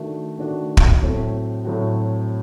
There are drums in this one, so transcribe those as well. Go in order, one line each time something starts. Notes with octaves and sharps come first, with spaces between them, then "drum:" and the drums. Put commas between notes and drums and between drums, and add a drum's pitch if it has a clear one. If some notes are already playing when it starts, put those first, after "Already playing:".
Already playing: D#3 A3 D4 F#4
D#3 A3 D4 F#4
drum: kick
A2 F#3 A3 C4 F#4
A2 F#3 A3 C4 F#4